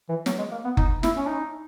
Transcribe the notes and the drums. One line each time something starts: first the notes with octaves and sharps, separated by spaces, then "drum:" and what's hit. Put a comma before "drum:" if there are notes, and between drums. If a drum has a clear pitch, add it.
E3
F#3, drum: snare
G#3
A#3
B3
D#4, drum: kick F#1
E4, drum: snare
C#4
D#4